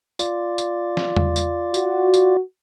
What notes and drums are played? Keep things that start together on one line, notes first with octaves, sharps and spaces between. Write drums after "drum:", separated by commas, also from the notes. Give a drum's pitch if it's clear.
F4 D5, drum: tambourine
drum: tambourine
drum: snare
drum: tom E2
drum: tambourine
F#4, drum: tambourine
drum: tambourine